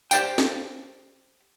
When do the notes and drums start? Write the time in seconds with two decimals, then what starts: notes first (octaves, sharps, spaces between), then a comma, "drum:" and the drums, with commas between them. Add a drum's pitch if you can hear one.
0.11 G4 C5 D5 F5 G5, drum: tambourine
0.38 drum: snare